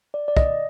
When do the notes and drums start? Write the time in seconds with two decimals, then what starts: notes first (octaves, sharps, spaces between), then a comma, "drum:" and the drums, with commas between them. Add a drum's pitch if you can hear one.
0.14 D5
0.28 D5
0.37 D#5, drum: kick